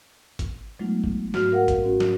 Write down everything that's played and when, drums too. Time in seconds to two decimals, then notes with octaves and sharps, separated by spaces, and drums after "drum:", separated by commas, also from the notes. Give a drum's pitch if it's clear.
0.39 drum: kick G1, hi-hat
0.79 F#3 G#3 A3 B3 D#4 F4
1.04 drum: kick G1
1.34 G#2 F#4 F6, drum: snare
1.52 A#4 F5 F#5
1.68 drum: kick G1, hi-hat
1.83 G#2 C#4 F#4
2.00 drum: snare